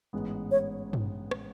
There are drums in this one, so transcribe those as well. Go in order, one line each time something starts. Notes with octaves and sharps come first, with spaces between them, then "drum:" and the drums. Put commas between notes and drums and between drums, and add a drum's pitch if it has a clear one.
A1 G#2 G#3 B3
C#5
drum: tom G2
drum: rim click